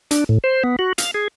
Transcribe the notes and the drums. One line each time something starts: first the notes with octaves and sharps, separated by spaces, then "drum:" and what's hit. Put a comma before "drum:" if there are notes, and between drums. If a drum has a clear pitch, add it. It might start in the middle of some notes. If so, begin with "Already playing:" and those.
D4, drum: hi-hat
A2
C5
B3
F#4
F5, drum: hi-hat
G#4